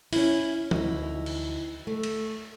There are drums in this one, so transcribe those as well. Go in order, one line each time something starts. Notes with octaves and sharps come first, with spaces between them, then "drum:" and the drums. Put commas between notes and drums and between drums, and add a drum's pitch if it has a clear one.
C#4 E4, drum: open hi-hat
D2 D#4 E4, drum: tom E3
drum: cymbal
A3
drum: cymbal